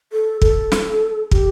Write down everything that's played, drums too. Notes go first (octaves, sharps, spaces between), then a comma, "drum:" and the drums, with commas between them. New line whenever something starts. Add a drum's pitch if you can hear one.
A4
A4, drum: kick
drum: snare
G4, drum: kick